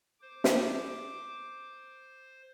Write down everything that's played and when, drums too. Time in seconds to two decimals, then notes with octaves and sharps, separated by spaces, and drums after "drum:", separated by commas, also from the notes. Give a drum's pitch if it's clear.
0.22 C5 D6
0.44 drum: snare